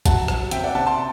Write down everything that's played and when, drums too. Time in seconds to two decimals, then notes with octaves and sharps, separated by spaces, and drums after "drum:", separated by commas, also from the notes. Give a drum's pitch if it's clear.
0.06 F#3 F#5 A5, drum: kick G#1, hi-hat
0.28 F#3, drum: rim click
0.51 C3 E5 G5, drum: hi-hat
0.63 D5 F#5
0.75 C3 F#5 A5
0.86 A5 C6